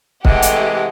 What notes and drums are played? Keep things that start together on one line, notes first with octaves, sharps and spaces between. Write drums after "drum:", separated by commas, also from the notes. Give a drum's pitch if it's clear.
C3 E3 G#3 A3 G4 F#5, drum: kick
drum: hi-hat